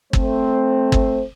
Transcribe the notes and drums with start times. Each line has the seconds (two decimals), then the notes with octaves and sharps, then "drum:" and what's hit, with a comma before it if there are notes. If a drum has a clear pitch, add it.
0.13 A3 C4 C5, drum: kick G1
0.92 drum: kick G1